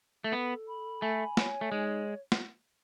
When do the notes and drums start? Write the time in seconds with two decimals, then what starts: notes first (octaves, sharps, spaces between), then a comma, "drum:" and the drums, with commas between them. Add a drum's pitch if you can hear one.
0.24 A3
0.32 B3 A4
0.66 B5
1.02 A3 G#5
1.37 C#5, drum: snare
1.61 A3
1.71 G#3 D#4
2.32 drum: snare